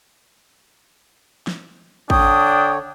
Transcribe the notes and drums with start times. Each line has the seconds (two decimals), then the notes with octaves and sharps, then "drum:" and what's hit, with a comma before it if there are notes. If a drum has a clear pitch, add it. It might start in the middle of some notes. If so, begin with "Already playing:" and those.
1.47 drum: snare
2.10 D3 D4 C#5 G5 D#6, drum: kick